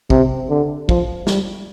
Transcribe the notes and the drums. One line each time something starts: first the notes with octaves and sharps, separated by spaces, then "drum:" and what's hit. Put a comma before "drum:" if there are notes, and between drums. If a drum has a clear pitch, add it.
C3, drum: kick
D3
F3, drum: kick
G3, drum: snare